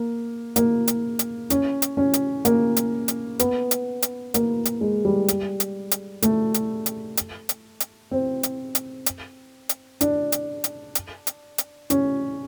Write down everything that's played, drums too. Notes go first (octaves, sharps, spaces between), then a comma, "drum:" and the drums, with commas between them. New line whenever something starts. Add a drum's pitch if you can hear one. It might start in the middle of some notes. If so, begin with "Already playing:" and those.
Already playing: A#3
A#3, drum: hi-hat
drum: hi-hat
drum: hi-hat
C#4, drum: hi-hat
drum: hi-hat
C#4
drum: hi-hat
A#3, drum: hi-hat
drum: hi-hat
drum: hi-hat
B3, drum: hi-hat
drum: hi-hat
drum: hi-hat
A#3, drum: hi-hat
drum: hi-hat
G#3
G3
drum: hi-hat
drum: hi-hat
drum: hi-hat
A3, drum: hi-hat
drum: hi-hat
drum: hi-hat
drum: hi-hat
drum: hi-hat
drum: hi-hat
C4
drum: hi-hat
drum: hi-hat
drum: hi-hat
drum: hi-hat
D4, drum: hi-hat
drum: hi-hat
drum: hi-hat
drum: hi-hat
drum: hi-hat
drum: hi-hat
C#4, drum: hi-hat